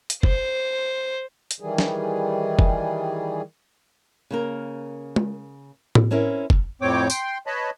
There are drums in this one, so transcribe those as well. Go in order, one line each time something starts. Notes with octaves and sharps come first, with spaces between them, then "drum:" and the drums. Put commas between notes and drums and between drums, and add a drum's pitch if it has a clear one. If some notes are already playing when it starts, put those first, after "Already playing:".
drum: hi-hat
C5, drum: kick
drum: hi-hat
D#3 E3 G3 G#4
drum: snare
drum: kick
C#3 A#3 A#4
drum: tom G#3
drum: tom A2
C4 C#4 E4 A#4
drum: kick
F2 A2 C4 C#5 G5 D6
G5 C6, drum: tambourine
B4 C#5 D#5 A5 B5